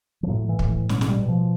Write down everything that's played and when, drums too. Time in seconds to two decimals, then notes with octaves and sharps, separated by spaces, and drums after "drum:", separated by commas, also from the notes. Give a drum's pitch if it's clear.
0.23 F3
0.29 A2 F#3
0.49 E3
0.59 A2, drum: kick
0.69 E3
0.89 B2 F#3, drum: snare
1.01 G#3, drum: snare
1.08 G3
1.19 B2
1.29 F3